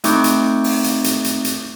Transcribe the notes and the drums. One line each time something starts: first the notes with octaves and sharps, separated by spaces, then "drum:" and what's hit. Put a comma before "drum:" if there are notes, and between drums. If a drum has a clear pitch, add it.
A3 C4 D#4 C#6 D6 G6, drum: hi-hat
drum: hi-hat
drum: open hi-hat
drum: hi-hat
drum: hi-hat
drum: hi-hat
drum: hi-hat